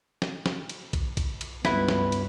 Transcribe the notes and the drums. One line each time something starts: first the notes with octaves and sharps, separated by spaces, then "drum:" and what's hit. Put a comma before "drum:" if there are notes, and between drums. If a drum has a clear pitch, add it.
drum: snare
drum: snare
drum: cymbal
drum: kick B1, cymbal
drum: kick B1, cymbal
drum: cymbal
C#2 G2 B3 E4 B4, drum: snare
drum: snare
drum: cymbal